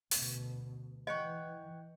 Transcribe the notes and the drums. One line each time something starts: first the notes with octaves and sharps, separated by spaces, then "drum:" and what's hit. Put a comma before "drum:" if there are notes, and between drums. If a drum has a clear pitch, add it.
D2 B2, drum: open hi-hat
E3 C#5 D#5 F#5 G5